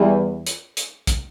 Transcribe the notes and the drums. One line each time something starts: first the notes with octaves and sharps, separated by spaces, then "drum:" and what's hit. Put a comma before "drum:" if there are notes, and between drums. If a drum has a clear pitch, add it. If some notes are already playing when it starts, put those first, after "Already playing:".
Already playing: E2 E3 G3
drum: hi-hat
drum: hi-hat
drum: kick, hi-hat